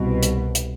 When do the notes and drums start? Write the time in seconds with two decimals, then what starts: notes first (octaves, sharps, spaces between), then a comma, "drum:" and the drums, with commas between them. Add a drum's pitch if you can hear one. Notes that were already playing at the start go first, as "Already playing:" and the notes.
Already playing: C2 B2
0.23 drum: hi-hat
0.55 drum: hi-hat